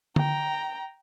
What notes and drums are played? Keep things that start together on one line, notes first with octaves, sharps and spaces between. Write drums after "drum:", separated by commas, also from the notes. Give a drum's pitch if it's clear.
G5 A#5, drum: tom D3